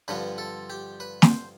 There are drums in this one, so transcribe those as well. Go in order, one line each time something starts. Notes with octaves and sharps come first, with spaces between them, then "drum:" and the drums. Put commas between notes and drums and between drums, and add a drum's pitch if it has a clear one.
G2 D3 F3 C4 B4
A4
G4
B4
C5, drum: snare